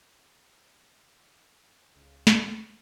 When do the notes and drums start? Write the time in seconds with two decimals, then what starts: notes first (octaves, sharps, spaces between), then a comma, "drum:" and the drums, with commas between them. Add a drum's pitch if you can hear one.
1.96 C#2 C#3
2.27 drum: snare